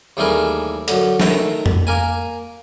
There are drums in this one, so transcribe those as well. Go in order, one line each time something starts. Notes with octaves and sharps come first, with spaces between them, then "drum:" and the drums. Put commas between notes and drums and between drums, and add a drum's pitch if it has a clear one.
D#2 E3 G3 A3 G#4 A#4
F#2 D3, drum: hi-hat
D#3 A3 A#5, drum: snare
drum: tom F2
A#3 A#4 G#5